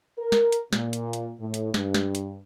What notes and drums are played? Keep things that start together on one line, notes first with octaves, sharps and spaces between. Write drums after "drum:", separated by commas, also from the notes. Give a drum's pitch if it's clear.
A#4
drum: snare
drum: hi-hat
A#2, drum: snare
drum: hi-hat
drum: hi-hat
A2
drum: hi-hat
G2, drum: snare
drum: snare
drum: hi-hat